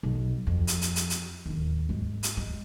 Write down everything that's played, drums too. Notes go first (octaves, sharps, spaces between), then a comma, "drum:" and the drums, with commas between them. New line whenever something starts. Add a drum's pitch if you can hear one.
B1
F2
drum: hi-hat
drum: hi-hat
drum: hi-hat
drum: hi-hat
D1 D#2
G#1 G#3
drum: hi-hat
G#3